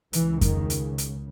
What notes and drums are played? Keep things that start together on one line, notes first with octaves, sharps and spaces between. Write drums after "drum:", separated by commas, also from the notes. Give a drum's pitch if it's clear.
C#2 C#3 E3, drum: hi-hat
D#3, drum: kick F2, hi-hat
drum: hi-hat
drum: hi-hat